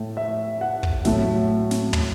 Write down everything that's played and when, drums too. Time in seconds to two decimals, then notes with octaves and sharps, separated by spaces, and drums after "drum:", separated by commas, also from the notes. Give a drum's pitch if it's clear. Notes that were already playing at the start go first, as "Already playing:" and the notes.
Already playing: A2 A3
0.17 E5
0.61 F#5
0.83 drum: kick
1.05 A2 F#3 A3 E5, drum: snare
1.71 drum: snare
1.93 drum: tom